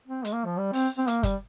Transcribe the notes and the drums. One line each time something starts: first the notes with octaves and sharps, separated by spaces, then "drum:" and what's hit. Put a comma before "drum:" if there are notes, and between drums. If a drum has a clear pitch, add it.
C4
G#3, drum: hi-hat
A#3
F3
G3
C4, drum: open hi-hat
C4
A#3, drum: hi-hat
G3, drum: kick F#1, hi-hat